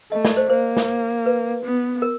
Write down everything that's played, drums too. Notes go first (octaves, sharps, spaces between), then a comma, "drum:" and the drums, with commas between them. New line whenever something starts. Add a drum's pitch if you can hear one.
A3 D#5
D5, drum: snare
C5
A#3 C5
drum: snare
B4
B3
A#4